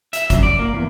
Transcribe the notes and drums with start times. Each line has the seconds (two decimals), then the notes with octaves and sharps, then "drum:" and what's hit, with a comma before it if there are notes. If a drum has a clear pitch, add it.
0.13 E5, drum: hi-hat
0.30 F#2, drum: kick, hi-hat
0.43 D5
0.59 A#3
0.74 E2